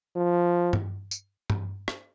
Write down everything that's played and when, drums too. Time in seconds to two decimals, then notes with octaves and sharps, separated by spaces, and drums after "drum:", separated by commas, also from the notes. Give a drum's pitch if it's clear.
0.16 F3
0.73 drum: tom G2
1.11 drum: tambourine
1.50 drum: tom G2
1.88 drum: rim click